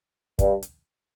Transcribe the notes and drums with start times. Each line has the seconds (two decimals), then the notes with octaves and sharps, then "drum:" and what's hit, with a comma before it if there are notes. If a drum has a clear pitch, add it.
0.39 G2, drum: kick, hi-hat
0.63 drum: hi-hat